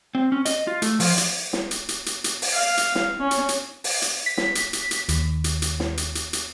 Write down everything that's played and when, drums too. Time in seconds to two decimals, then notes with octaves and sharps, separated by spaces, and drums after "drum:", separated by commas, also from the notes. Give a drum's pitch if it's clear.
0.15 C4
0.32 C#4
0.45 D#5, drum: hi-hat
0.67 F4
0.82 A3, drum: hi-hat
1.00 F3, drum: open hi-hat
1.17 drum: hi-hat
1.53 drum: snare
1.71 drum: hi-hat
1.89 drum: hi-hat
2.06 drum: hi-hat
2.24 drum: hi-hat
2.42 drum: open hi-hat
2.55 F5
2.77 drum: hi-hat
2.95 drum: snare
3.20 C#4
3.31 drum: hi-hat
3.49 drum: hi-hat
3.84 drum: open hi-hat
4.02 drum: hi-hat
4.26 B6
4.37 drum: snare
4.55 drum: hi-hat
4.73 drum: hi-hat
4.91 drum: hi-hat
5.09 D#2, drum: hi-hat
5.44 drum: hi-hat
5.62 drum: hi-hat
5.80 drum: snare
5.97 drum: hi-hat
6.15 drum: hi-hat
6.33 drum: hi-hat